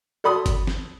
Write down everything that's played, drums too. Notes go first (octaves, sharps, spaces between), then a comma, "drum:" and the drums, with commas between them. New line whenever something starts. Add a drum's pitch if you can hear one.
A4 D5 B5 C6 D#6
drum: kick G1, hi-hat
drum: snare